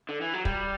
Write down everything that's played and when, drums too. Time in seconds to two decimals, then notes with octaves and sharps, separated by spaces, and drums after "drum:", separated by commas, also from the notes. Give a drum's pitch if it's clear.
0.09 D3
0.21 E3
0.34 F#3
0.45 G3, drum: kick